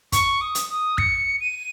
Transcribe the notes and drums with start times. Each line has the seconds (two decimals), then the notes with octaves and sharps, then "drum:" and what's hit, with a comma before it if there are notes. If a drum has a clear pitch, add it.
0.12 C#6, drum: kick, hi-hat
0.41 D#6
0.55 drum: hi-hat
0.69 D#6
0.98 C#7, drum: kick
1.40 D#7